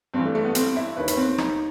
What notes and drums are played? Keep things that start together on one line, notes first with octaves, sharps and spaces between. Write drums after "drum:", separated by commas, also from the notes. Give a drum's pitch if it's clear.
G2 E3 C4
A3
A3
B3
C4, drum: hi-hat
E4
D#2 D#3 B4
B4, drum: hi-hat
C4
C4
D#4, drum: rim click